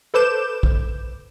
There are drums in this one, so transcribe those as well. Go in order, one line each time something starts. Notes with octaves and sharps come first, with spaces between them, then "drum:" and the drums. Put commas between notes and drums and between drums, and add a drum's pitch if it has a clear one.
A4 B4 C5 D6 G6 E7
drum: kick